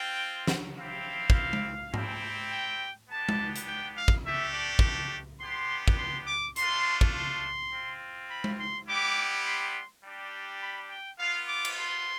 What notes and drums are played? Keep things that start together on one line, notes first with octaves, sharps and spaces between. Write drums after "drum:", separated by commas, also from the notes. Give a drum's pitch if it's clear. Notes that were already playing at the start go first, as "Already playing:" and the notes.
Already playing: C4 F4 G5
drum: snare
C4 E4 G4 F5
drum: kick
drum: tom G#3
C4 E4 G4, drum: tom G#2
G5
B3 D4 G4 A5
drum: tom G#3
drum: hi-hat
G5
F5
drum: kick
A3 D4 G4 E5
D5
drum: kick
B3 D4 G4 C6
drum: kick
C6
D6
A3 D4 F4 C6, drum: hi-hat
drum: kick
C6
C4 F4
B5
drum: tom G#3
C6
G3 B3 E4 G4 D6
C6
G3 D4 G4
B5
G5
B3 F4 F5
D6
drum: cymbal
C6